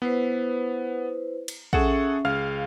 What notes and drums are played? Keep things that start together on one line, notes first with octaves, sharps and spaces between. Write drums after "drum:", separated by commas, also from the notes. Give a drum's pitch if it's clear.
B3 E4 B4 C5
drum: cymbal
C#4 G#4 A4 E5 F#5, drum: kick
C#2 G#4 F5 F6